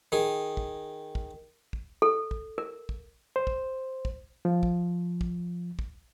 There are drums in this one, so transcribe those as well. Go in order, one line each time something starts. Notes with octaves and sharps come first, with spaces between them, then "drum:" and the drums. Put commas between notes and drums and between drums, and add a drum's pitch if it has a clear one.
D#3 G#4
drum: kick
drum: kick
drum: kick
A4
drum: kick
A#4
drum: kick
C5
drum: kick
drum: kick
F3
drum: kick
drum: kick
drum: kick